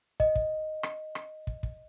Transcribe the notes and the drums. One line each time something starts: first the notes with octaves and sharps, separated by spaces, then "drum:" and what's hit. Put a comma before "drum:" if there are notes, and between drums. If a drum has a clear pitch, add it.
D#5, drum: kick
drum: kick
drum: rim click
drum: rim click
drum: kick
drum: kick